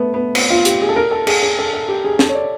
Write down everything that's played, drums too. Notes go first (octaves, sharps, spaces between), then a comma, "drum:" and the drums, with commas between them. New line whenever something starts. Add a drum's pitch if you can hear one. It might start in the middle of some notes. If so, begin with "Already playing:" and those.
Already playing: A3 B3
B3
C4, drum: cymbal
F4
G4, drum: hi-hat
G#4
A4
A#4
A4
G#4, drum: cymbal
G#4
A4
A4
G4
G#4
A4, drum: snare
C#5
D5